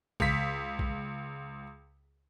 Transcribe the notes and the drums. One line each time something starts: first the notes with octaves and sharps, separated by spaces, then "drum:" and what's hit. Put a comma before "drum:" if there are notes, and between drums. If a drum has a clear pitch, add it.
C#2 B6, drum: kick
drum: kick